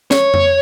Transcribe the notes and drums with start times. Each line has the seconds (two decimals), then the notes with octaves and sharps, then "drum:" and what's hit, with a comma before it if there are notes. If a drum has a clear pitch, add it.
0.11 C#5, drum: snare
0.34 drum: tom F2